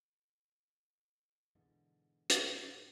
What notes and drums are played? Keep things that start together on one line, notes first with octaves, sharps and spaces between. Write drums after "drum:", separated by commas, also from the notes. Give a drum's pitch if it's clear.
G#2 B2 D3 E3
D2 A2, drum: hi-hat